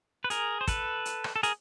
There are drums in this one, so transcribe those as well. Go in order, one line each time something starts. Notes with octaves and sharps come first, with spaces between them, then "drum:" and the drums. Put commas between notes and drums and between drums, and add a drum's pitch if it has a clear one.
B4
G#4 A#4, drum: hi-hat
C5
A4 B4, drum: kick, hi-hat
drum: hi-hat
drum: rim click
A4
G#4 A#4, drum: hi-hat